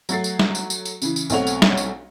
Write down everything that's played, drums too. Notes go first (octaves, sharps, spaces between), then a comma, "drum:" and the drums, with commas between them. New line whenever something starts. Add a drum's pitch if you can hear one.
F#3 A3 F#4 A6 C7, drum: tambourine
drum: tambourine
drum: snare
drum: tambourine
drum: tambourine
drum: tambourine
C#3 E3, drum: tambourine
drum: tambourine
B1 A3 C4 C#5 F#5 F7, drum: tambourine
drum: tambourine
drum: snare
drum: tambourine